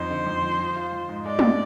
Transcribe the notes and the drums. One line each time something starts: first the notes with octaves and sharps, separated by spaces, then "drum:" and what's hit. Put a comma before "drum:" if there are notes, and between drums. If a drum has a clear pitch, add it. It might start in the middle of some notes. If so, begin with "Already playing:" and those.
Already playing: F2 D#4 C5
D3
F2
F3
F3
F4
F3
G#2
G#3 D5
drum: tom